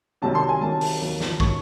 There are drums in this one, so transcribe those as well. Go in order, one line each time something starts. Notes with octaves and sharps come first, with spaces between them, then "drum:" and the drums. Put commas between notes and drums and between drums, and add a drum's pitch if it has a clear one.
C2 C3 D#3 F#3 A5
C6
G#5
C2 C3 D#3 F#3 A5
drum: open hi-hat
D#2 D#3 F#3
drum: snare
D#3 F#3 C#6, drum: kick